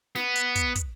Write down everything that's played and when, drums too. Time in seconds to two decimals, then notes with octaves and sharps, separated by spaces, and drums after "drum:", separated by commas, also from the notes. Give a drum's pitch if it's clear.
0.16 B3, drum: snare
0.36 drum: hi-hat
0.55 drum: kick, hi-hat
0.75 drum: kick, hi-hat